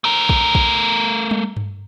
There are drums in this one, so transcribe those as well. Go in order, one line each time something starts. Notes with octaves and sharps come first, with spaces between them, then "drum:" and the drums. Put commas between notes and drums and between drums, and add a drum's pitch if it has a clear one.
A3 A#4
drum: kick
drum: kick
drum: tom G3
drum: tom G2